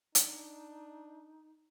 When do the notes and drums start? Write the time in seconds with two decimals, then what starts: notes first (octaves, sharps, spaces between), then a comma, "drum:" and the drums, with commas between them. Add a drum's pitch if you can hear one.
0.15 D4 D#4, drum: hi-hat